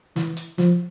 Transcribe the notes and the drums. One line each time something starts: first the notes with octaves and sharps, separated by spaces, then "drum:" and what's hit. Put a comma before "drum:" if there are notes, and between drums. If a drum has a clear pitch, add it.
E3, drum: snare
drum: hi-hat
F3, drum: snare